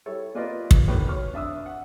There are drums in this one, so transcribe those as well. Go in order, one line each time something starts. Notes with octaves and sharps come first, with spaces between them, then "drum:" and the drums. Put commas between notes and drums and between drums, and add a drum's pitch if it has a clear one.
G3 E4 A4 C#5
A#3 F4 B4 D5 D#5
drum: kick
D#2 A2 A#3 F#4 B4
C#5 C#6 F6
D4 E5 D#6 E6
F#5